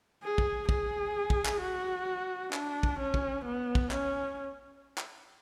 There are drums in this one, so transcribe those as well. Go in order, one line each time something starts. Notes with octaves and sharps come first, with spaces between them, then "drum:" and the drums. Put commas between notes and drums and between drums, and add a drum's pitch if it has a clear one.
G#4
drum: kick
G#4, drum: kick
drum: kick
drum: clap
F#4
D4, drum: clap
drum: kick
C#4
drum: kick
B3
drum: kick
C#4, drum: clap
drum: clap